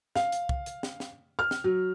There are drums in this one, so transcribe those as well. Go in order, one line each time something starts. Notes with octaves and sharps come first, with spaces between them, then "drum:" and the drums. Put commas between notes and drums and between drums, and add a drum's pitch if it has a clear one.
F5, drum: snare
drum: hi-hat
drum: kick
drum: hi-hat
drum: snare
drum: snare
F6
drum: snare
F#3